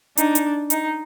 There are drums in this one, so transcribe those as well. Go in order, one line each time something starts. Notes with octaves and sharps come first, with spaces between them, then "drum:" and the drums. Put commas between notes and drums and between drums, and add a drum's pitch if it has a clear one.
D4 D#4, drum: hi-hat
drum: hi-hat
D#4, drum: hi-hat